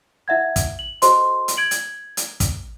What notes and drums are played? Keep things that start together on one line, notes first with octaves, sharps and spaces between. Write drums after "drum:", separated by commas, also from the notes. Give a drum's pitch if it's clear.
E4 E5 F#5 G#6
drum: kick, hi-hat
F#7
F#4 A4 C5 D#5 C6, drum: hi-hat
drum: hi-hat
G#6 D7 F#7
drum: hi-hat
drum: hi-hat
drum: kick, hi-hat